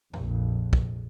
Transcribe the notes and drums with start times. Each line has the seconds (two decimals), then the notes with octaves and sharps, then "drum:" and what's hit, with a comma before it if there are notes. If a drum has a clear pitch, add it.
0.14 A#1 F2, drum: tom F2
0.73 drum: kick